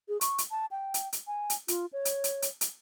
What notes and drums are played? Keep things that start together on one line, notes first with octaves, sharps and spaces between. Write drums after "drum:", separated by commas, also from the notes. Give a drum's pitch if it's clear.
G#4
C#6, drum: hi-hat
drum: hi-hat
A5
G5
drum: hi-hat
drum: hi-hat
G#5
drum: hi-hat
F4, drum: hi-hat
C#5
drum: hi-hat
drum: hi-hat
drum: hi-hat
drum: hi-hat